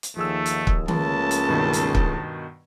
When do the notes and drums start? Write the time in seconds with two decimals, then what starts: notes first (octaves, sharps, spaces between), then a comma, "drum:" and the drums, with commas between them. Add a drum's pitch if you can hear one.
0.03 drum: hi-hat
0.17 D#2 F3 A3 G#4 E6
0.46 drum: hi-hat
0.67 drum: kick
0.88 C#2 A3 A#3 C#4 A5, drum: tom D#3
1.31 drum: hi-hat
1.49 G2 B2 D#3
1.73 drum: hi-hat
1.95 drum: kick